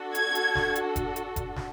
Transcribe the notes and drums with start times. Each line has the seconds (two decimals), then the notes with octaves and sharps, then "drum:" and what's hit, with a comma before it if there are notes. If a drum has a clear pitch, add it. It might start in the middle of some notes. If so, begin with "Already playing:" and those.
Already playing: D4 F#4 A4
0.15 G#6, drum: hi-hat
0.35 drum: hi-hat
0.55 drum: snare
0.76 drum: hi-hat
0.96 drum: kick F1, hi-hat
1.16 drum: hi-hat
1.36 drum: kick F1, hi-hat
1.56 drum: snare